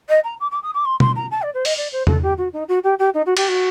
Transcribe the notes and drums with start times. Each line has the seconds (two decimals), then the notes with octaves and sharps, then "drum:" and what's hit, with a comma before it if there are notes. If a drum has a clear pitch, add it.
0.09 D#5
0.24 A#5
0.40 D6
0.51 D6
0.62 D#6
0.74 D6
0.85 C6
1.00 C6, drum: tom B2
1.15 A#5
1.31 A5
1.42 D5
1.54 C5
1.65 D#5, drum: open hi-hat
1.77 D5
1.92 C5
2.07 A4, drum: tom E2
2.22 G4
2.37 F#4
2.53 D#4
2.68 F#4
2.83 G4
2.99 G4
3.14 D#4
3.26 F#4
3.37 G4, drum: cymbal
3.48 F#4